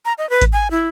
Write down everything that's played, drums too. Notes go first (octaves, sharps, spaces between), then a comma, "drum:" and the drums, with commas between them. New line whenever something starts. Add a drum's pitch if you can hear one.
A#5
D#5
B4
drum: kick G#1, hi-hat
G#5
E4